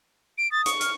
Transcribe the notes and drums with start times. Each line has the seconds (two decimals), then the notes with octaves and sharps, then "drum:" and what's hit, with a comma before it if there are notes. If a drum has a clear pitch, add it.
0.38 D7
0.52 D#6 A6
0.66 C#6, drum: hi-hat
0.81 F6, drum: hi-hat